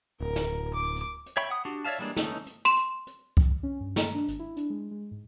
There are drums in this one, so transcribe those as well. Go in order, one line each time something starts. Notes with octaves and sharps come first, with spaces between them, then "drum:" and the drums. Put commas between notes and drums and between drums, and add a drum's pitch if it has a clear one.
D1 A#4
drum: snare
D6
drum: hi-hat
drum: hi-hat
C#5 E5 G5 B5 C#6
F#5 D#6
D4 F#4 G4
C#5 D5 E5 F5 A5, drum: open hi-hat
E3 G3 G#3 A#3 D4
E3 C#4 D#4 A4, drum: snare
drum: hi-hat
C6 E7
drum: hi-hat
drum: hi-hat
drum: kick C2
C#4
G2
A#5, drum: snare
D4
G#1, drum: hi-hat
E4
D4, drum: hi-hat
G#3
G#3
G#2